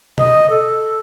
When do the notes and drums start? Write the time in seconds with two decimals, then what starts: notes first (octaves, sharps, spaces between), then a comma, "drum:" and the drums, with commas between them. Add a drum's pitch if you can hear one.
0.18 D#5, drum: tom B2
0.50 A4